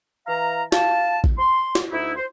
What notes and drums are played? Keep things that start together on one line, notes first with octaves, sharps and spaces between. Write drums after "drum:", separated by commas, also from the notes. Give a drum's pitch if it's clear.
E3 F5 A#5
F5 A5, drum: snare
drum: kick A1
C6
drum: snare
D2 D#4 E4
C5